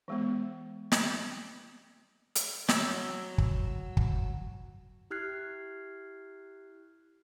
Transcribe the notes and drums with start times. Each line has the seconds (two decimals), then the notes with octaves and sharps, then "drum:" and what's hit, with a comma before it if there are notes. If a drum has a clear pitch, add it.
0.08 E3 G#3 B3
0.92 drum: snare
2.35 drum: hi-hat
2.68 F#3 E6, drum: snare
3.38 drum: kick
3.97 drum: kick
5.11 E4 G4 F6 F#6 G#6 C7